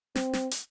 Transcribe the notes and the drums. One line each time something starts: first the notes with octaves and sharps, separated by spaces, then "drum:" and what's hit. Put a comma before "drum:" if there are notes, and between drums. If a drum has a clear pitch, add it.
C4, drum: snare
drum: snare
drum: hi-hat